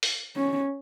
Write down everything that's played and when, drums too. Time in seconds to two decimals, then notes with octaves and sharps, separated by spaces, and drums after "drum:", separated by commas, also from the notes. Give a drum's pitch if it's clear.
0.03 drum: open hi-hat
0.36 C#4